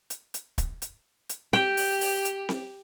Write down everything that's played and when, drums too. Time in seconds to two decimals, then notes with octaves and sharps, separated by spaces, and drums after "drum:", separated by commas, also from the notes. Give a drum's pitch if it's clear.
0.10 drum: hi-hat
0.34 drum: hi-hat
0.58 drum: kick, hi-hat
0.82 drum: hi-hat
1.29 drum: hi-hat
1.53 G4 G5, drum: snare C4
1.77 drum: open hi-hat
2.01 drum: open hi-hat
2.25 drum: hi-hat
2.49 drum: snare C4